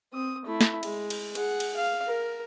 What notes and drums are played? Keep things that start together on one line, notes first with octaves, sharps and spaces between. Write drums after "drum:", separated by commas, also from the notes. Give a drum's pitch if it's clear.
C4 D#6
A3 E4
drum: snare
G#3, drum: cymbal
drum: cymbal
G#4 F#5, drum: cymbal
drum: cymbal
F5
A#4